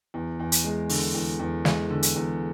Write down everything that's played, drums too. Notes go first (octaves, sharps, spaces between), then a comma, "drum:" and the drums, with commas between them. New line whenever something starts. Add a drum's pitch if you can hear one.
E2
E2
drum: hi-hat
G#3
D3, drum: open hi-hat
E2
E2
G#3, drum: snare
D3
drum: hi-hat
E2